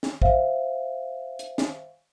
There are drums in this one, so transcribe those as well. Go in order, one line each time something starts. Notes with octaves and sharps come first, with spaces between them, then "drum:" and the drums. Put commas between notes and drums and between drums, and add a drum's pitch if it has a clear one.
drum: snare
C5 E5 F5, drum: kick
drum: hi-hat
drum: snare